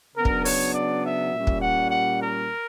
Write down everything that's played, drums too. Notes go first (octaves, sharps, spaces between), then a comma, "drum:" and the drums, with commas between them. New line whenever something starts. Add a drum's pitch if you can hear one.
C#3 F#3 B3 D4 A#4
drum: kick
C#5, drum: open hi-hat
D5
E5
A#2 G3 C#4
drum: kick
F#5
F#5
A#4